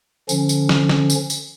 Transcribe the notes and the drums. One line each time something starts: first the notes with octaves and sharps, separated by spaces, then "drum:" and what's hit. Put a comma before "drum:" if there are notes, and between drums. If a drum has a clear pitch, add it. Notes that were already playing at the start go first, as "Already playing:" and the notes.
D3 F3 C#4, drum: tambourine
drum: tambourine
drum: snare
drum: snare
drum: tambourine
drum: tambourine